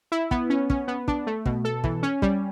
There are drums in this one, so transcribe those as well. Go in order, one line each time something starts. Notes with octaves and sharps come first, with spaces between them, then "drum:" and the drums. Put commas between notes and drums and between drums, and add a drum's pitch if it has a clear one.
E4
B3, drum: kick
C#4
C#4, drum: kick
B3
D4, drum: kick
A3
B2, drum: kick
A4
E3, drum: kick
C#4
G3, drum: kick